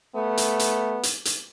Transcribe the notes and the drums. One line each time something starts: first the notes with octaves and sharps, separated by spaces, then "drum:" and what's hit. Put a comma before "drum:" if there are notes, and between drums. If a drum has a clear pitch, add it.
A3 B3
drum: hi-hat
drum: hi-hat
drum: hi-hat
drum: hi-hat